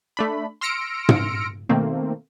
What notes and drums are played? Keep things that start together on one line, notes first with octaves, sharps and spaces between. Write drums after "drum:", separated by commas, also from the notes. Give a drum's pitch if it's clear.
A3 D4 B5
C6 E6 F6 A#6 C#7 D7
drum: tom
B2 D#3 A3 A#3 C4